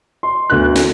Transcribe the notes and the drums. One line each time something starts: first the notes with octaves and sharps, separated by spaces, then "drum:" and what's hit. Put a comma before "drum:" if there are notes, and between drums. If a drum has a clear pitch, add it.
C6
D2 B3 F#6
drum: snare